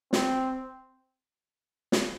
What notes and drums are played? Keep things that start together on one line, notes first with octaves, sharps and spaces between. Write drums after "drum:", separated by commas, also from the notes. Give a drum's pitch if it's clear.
C4, drum: snare
drum: snare